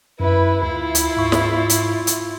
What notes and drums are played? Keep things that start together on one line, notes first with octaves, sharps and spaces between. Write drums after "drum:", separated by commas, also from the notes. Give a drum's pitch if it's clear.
F#2 E4 B4
D2 E4 F4
drum: hi-hat
G#2 C#6
drum: snare
drum: hi-hat
drum: hi-hat